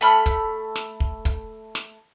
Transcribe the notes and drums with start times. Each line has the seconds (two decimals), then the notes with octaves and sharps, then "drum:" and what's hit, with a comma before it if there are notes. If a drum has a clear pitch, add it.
0.01 A3 B5 F6
0.26 drum: kick, hi-hat
0.76 drum: snare
1.00 drum: kick
1.25 drum: kick, hi-hat
1.75 drum: snare